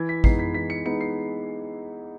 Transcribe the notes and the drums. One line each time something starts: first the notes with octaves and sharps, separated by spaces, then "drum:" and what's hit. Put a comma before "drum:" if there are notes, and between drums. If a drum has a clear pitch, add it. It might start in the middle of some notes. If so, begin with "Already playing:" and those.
Already playing: E3 G#6
B6
G#3 B3 D#4 C7, drum: kick A1
B6
E3 B6
C#7
G#3 B3 D#4 C#7
C7